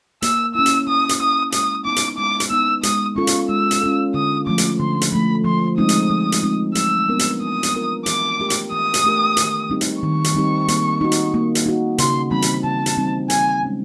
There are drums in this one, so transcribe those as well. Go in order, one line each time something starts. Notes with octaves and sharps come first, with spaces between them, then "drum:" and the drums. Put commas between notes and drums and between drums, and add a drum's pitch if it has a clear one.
A#3 E6, drum: hi-hat
C#4 E4 E6
drum: hi-hat
A#3 D#6
drum: hi-hat
C#4 E4 D#6
G#3 D#6, drum: hi-hat
B3 D#4 D6
drum: hi-hat
G#3 D6
drum: hi-hat
B3 D#4 E6
G#3 D#6, drum: hi-hat
C#4 F4 A4 C#6
drum: hi-hat
G#3 E6
drum: hi-hat
C#4 F4 A4
D3 D#6
F3 A3 D6
drum: hi-hat
D3 C6
drum: hi-hat
F3 A3 B5
F3 C6
G#3 C4 D#4 D#6
drum: hi-hat
F3
drum: hi-hat
G#3 C4 D#4
F#3 E6, drum: hi-hat
B3 D4 F4 A#4
drum: hi-hat
F#3 D#6
drum: hi-hat
B3 D4 F4 A#4
E3 D6, drum: hi-hat
A3 D4 G4 A#4
drum: hi-hat
E3 D#6
drum: hi-hat
A3 D4 G4 A#4
D#3, drum: hi-hat
G3 C4 D#4 G4
drum: hi-hat
D#3 C#6
drum: hi-hat
G3 C4 D#4 G4
A#3, drum: hi-hat
D#4 F#4
drum: hi-hat
A#3
drum: hi-hat
D#4 F#4
C#3 C6, drum: hi-hat
E3 G3 C4 D#4 B5
drum: hi-hat
C#3 A5
drum: hi-hat
E3 G3 C4 D#4
E3 G#5, drum: hi-hat
G#3 C#4